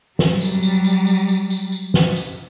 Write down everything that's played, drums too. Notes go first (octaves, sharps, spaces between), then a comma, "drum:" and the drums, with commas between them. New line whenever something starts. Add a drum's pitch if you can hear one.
F#3 G3, drum: snare
drum: tambourine
drum: tambourine
drum: tambourine
drum: tambourine
drum: tambourine
drum: tambourine
drum: tambourine
drum: snare
drum: tambourine